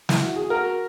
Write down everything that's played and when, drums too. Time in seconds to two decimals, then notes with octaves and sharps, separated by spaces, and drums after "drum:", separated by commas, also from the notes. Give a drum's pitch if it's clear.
0.09 E4, drum: snare
0.22 F#4
0.36 G#4
0.50 F#4 A#4